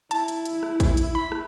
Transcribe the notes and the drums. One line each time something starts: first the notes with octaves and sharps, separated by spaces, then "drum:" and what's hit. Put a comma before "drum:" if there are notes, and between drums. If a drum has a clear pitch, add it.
E4 A5, drum: hi-hat
drum: hi-hat
drum: hi-hat
drum: rim click
drum: kick, hi-hat
drum: hi-hat
B5
drum: rim click